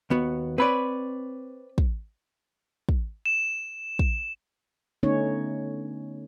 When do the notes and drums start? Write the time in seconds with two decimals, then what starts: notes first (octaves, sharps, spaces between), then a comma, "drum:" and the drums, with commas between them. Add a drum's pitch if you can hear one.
0.10 D#2 B3 F#4
0.58 C4 B4 C#5 D5 B5
1.78 drum: kick
2.89 drum: kick
3.26 E7
3.99 drum: kick
5.03 D3 A3 B3 C#4 D#4 C#5